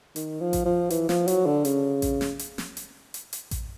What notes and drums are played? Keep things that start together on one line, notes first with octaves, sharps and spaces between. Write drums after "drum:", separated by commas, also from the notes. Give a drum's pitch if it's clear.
D#3, drum: hi-hat
F3
drum: kick A1, hi-hat
F3
E3, drum: hi-hat
F3, drum: snare
F#3, drum: hi-hat
D3
C#3, drum: hi-hat
drum: kick A1, hi-hat
drum: snare
drum: hi-hat
drum: snare
drum: hi-hat
drum: hi-hat
drum: hi-hat
drum: kick A1, hi-hat